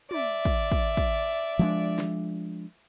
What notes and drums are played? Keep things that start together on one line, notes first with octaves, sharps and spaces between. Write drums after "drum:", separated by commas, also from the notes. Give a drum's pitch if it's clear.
D5 E5, drum: tom
drum: kick
drum: kick
drum: kick
F3 G#3 D4
drum: snare